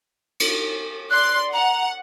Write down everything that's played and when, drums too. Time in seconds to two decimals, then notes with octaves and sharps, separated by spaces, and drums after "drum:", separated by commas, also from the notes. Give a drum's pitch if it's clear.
0.40 drum: cymbal
1.10 D5 C6 F#6
1.53 F#5 A#5